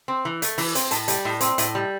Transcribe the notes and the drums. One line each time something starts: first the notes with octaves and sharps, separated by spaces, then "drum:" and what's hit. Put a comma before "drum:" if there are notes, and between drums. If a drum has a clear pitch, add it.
C4
E3
A3, drum: hi-hat
E3, drum: open hi-hat
C4, drum: hi-hat
A2 A5, drum: hi-hat
G3, drum: hi-hat
A2
C4, drum: hi-hat
A2, drum: hi-hat
G3